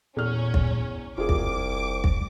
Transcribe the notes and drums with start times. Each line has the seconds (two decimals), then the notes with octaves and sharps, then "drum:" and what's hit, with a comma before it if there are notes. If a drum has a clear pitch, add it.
0.17 E2 A#2 C#4 F6
0.54 drum: kick
1.18 F1 C2 F4 G#4 D6
1.29 drum: kick
2.04 drum: kick